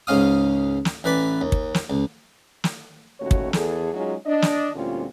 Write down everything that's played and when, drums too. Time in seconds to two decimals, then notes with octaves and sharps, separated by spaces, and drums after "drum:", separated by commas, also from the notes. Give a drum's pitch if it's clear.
0.07 C#2 G#2 C#4 F5 D#6
0.85 drum: snare
1.04 A1 E3 B4 D5 B5
1.41 D#2
1.52 drum: kick
1.74 drum: snare
1.90 C#2
2.64 drum: snare
3.20 D#2 A#2 A3 C#4 F#4 C#5
3.31 drum: kick
3.53 E2 G#4 A4, drum: snare
3.92 F#3 G#3 C#4 D#4 F4 G#4
4.26 D4 D#5
4.42 drum: snare
4.75 D2 A#2 G3 C4 C#4 F4